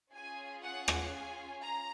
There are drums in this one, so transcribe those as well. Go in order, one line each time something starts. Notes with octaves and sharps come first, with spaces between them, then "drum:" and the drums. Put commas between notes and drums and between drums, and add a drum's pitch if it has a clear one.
C#4 F4 G#4 G#5
F#5
drum: rim click
G#5
A#5